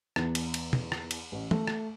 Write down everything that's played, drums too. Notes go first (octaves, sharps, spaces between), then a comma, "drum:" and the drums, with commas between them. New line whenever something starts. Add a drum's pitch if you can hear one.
E2, drum: rim click
drum: cymbal
drum: cymbal
drum: tom B2
drum: rim click
drum: cymbal
A1
A3, drum: tom E3
drum: rim click